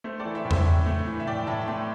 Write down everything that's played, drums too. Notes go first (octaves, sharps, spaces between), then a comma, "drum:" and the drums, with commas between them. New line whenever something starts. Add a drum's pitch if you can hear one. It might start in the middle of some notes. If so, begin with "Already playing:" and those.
A3 C5
A4 D5
E3
C5 E5
A2
C5 E5, drum: tom E2
A2
A3
E3
E5
A2 D5 G5
A2 E5 A5
A5
A3 G5 C6